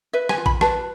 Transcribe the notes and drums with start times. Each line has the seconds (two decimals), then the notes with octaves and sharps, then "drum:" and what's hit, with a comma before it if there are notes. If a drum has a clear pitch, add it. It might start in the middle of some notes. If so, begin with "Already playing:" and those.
0.13 B4 E5
0.29 G#5, drum: rim click
0.38 F4
0.46 B5, drum: kick A1
0.61 B4 A5, drum: rim click